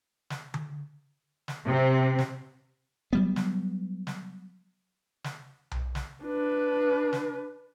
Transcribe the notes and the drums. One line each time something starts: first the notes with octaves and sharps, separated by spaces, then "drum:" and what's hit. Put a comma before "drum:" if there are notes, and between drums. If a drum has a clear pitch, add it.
drum: snare
drum: tom D3
drum: snare
C3 C4
drum: snare
F#3 G3 B3
drum: snare
drum: snare
drum: snare
drum: tom B1
drum: snare
D4 B4
drum: snare